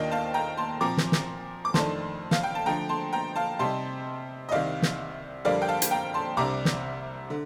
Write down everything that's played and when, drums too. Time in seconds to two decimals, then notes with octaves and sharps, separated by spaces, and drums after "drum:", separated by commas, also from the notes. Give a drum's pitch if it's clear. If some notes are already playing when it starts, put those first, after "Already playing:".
Already playing: D#2 D#3 A#3 D4 F4 D#5 G5
0.11 F5 A5
0.34 G5 A#5
0.57 A5 C6
0.81 A#2 F3 C4 A#5 D6
0.97 drum: snare
1.12 drum: snare
1.65 D6
1.74 F2 D#3 A3 D4 A5 C6, drum: snare
2.31 F5, drum: snare
2.43 G5
2.55 A5
2.66 D3 F3 A3 G5 A#5
2.89 A5 C6
3.13 G5 A#5
3.36 F5 A5
3.59 C3 G3 C4 D#4 A5 C6
4.49 D#5
4.51 C2 C3 D#3 D5 F5
4.82 drum: snare
5.45 F2 D3 G3 A#3 D4 D5 F5
5.62 G5
5.68 F5 A5
5.82 drum: hi-hat
5.91 G5 A#5
6.14 A5 C6
6.37 C2 C3 G3 D4 A#5 D6
6.65 drum: snare
7.30 D3